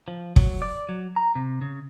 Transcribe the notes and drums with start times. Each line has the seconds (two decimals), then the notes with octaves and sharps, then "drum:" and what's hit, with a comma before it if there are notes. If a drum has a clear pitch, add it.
0.08 F3
0.36 F#3, drum: kick
0.62 D5
0.89 F#3
1.16 A#5
1.35 C3
1.61 C#3